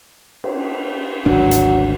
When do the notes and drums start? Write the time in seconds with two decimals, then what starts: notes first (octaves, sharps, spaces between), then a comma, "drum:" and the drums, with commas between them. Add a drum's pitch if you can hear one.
0.44 drum: cymbal
1.26 G#1 D2 F#3 D4, drum: tom
1.51 drum: hi-hat